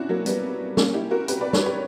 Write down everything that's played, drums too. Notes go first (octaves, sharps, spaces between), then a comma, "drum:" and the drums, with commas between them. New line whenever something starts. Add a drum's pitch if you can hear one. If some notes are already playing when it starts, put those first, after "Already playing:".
Already playing: C#4 D4 E4 F#4
F#3 A#3
G3 B3, drum: hi-hat
A#3 C#4, drum: snare
E4 G4
F#4 A#4
G4 B4, drum: hi-hat
B4 D5
A#4 C#5, drum: snare
G4 B4